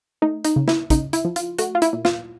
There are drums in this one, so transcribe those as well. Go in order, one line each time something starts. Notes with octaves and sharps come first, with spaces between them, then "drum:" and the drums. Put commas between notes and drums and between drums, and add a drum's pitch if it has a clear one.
A3 D#4
D#4, drum: hi-hat
C#3
E4, drum: snare
C#3 D#4, drum: kick, hi-hat
E4, drum: hi-hat
F3
F4, drum: hi-hat
A3 F#4, drum: hi-hat
F4
E4, drum: hi-hat
A#2
F4, drum: snare